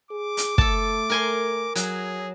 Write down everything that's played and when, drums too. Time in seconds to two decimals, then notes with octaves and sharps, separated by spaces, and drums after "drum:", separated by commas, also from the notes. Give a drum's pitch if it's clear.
0.11 G#4 D6
0.37 drum: hi-hat
0.58 A3 A4 A5, drum: kick
1.10 A#4 G#5 C6
1.76 F#3 G#4, drum: hi-hat